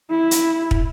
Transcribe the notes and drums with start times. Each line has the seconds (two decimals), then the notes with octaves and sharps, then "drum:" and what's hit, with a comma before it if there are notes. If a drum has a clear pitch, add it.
0.11 E4
0.31 drum: hi-hat
0.71 drum: kick